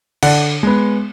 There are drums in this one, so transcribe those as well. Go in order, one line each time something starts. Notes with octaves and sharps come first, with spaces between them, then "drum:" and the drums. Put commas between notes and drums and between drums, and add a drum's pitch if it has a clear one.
D3 D5 F#5, drum: cymbal
G#3 B3